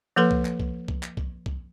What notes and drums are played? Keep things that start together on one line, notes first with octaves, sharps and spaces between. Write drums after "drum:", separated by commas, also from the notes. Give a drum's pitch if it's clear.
F3 A#3 A4 B4 C6
drum: kick
drum: clap
drum: kick
drum: kick
drum: clap
drum: kick
drum: kick